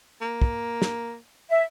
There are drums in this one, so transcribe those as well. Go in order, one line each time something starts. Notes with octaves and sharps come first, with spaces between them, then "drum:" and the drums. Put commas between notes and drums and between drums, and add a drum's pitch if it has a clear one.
A#3
drum: kick
drum: snare
E5